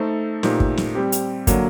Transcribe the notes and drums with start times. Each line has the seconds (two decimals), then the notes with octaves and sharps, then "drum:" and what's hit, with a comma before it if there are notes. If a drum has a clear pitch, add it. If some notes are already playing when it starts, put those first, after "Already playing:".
Already playing: A3 D#4 A4 C5
0.43 A#2 A3 D#4 G4 C5, drum: snare
0.60 drum: kick
0.77 drum: snare
0.95 G3 C4 G4
1.12 drum: hi-hat
1.47 D3 F#3 A#3, drum: kick, hi-hat